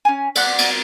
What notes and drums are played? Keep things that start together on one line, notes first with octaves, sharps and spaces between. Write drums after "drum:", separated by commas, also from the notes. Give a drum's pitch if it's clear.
C#4 G#5
D5 F#5 F#6, drum: cymbal
drum: cymbal